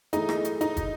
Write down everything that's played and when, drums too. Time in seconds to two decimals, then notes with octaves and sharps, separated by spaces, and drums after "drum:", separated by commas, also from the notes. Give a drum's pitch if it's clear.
0.13 E3 A3 D#4 E4 G#4, drum: hi-hat
0.29 drum: rim click
0.45 drum: hi-hat
0.61 D#4, drum: hi-hat
0.77 drum: kick, hi-hat